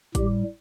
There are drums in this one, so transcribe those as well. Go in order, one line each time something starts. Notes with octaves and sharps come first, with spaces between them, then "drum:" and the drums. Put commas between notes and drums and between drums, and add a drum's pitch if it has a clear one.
A2 G3 G4, drum: kick G#1, hi-hat